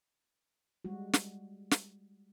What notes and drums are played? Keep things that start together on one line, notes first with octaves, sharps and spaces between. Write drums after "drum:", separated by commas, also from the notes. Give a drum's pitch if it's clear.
G3 G#3 F#4
drum: snare
drum: snare